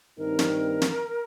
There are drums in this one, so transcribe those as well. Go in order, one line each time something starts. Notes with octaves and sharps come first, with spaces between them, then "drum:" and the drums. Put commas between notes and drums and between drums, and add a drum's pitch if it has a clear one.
G2 D#3 C4 D#4 A#4
drum: snare
drum: snare